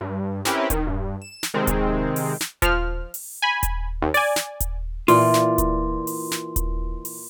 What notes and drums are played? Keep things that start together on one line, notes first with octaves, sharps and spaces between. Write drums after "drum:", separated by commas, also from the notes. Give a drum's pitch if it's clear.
G2
C4 C#4 E4 G4 A#4 B4, drum: snare
D#3, drum: kick D#1, hi-hat
G2
E7
drum: snare
C3 D#3 G#3 C4
drum: kick D#1, hi-hat
drum: open hi-hat
drum: snare
F3 F6, drum: kick D#1, hi-hat
drum: open hi-hat
G#5 B5
drum: kick D#1, hi-hat
D#2
D5 G#5, drum: open hi-hat
drum: snare
drum: kick D#1, hi-hat
A#2 E3 F4 D5 C6, drum: open hi-hat
drum: snare
drum: kick D#1, hi-hat
drum: open hi-hat
drum: snare
drum: kick D#1, hi-hat
drum: open hi-hat